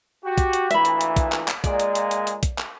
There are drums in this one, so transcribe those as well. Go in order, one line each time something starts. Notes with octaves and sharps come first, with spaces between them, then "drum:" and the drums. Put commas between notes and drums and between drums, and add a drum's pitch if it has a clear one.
F#4 G4
drum: kick, hi-hat
drum: hi-hat
D2 A#2 E3 E5 B5, drum: hi-hat
drum: hi-hat
drum: hi-hat
drum: kick, hi-hat
drum: clap
drum: clap
A#2 G#3 D5, drum: kick, hi-hat
drum: hi-hat
drum: hi-hat
drum: hi-hat
drum: hi-hat
drum: kick, hi-hat
drum: clap